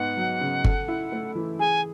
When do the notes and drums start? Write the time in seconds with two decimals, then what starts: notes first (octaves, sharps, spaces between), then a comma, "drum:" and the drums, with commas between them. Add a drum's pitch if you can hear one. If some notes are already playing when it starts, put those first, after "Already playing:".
Already playing: G#2 B3 D#4 F#5
0.17 F#3
0.41 C#3
0.64 A4, drum: kick G1
0.88 E4
1.12 A3
1.35 E3
1.59 G#4 G#5